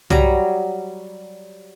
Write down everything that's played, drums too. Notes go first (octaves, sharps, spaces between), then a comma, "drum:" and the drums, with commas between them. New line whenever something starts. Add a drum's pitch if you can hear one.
F#3 G3 A#5, drum: tom